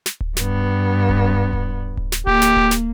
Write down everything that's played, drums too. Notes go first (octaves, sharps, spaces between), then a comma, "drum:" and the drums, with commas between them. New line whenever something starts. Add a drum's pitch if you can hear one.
drum: snare
drum: kick D1
G2 B3, drum: snare
drum: kick D1
drum: kick D1
drum: kick D1
drum: snare
A#3 G4, drum: kick D1
drum: snare
drum: kick D1
drum: snare